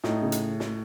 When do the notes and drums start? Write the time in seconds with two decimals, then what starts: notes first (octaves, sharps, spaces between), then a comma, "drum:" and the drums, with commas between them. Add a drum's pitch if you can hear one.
0.04 A2 D#4, drum: snare
0.22 C#3
0.32 drum: hi-hat
0.60 drum: snare